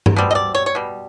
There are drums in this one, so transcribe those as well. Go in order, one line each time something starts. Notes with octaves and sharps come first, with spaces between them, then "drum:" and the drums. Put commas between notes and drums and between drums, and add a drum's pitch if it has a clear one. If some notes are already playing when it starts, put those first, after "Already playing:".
drum: tom G2
B2 G3 C4
D#5
D5
C#5
C#5
B2 G3